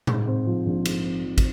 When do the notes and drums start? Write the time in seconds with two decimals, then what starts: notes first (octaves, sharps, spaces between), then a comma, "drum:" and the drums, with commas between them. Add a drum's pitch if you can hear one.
0.07 G#2, drum: tom A2
0.27 C4
0.46 F3
0.66 A#1
0.85 G#2, drum: cymbal
1.05 C4
1.24 F3
1.38 drum: kick, cymbal